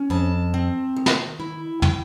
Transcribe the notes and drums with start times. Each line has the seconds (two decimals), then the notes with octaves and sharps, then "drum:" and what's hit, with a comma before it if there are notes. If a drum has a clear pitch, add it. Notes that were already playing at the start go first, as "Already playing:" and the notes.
Already playing: C#4
0.10 F2 A5
0.54 C4
0.97 D#3
1.06 drum: snare
1.40 E4
1.82 G5, drum: tom